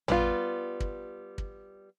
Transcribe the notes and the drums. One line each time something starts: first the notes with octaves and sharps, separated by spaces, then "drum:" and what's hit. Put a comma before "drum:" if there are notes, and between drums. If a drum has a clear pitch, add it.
G3 B3 F4, drum: tom
drum: kick
drum: kick